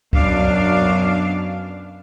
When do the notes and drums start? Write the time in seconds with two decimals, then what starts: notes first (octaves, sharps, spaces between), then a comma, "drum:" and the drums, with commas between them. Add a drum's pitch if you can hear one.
0.13 F#2 B2 D4 F5, drum: kick C2